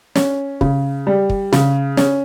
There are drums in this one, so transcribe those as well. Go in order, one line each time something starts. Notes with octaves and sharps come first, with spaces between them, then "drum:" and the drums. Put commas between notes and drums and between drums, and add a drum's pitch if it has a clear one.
C#4, drum: snare
C#3, drum: kick
G3
drum: kick
C#3, drum: snare
C#4, drum: snare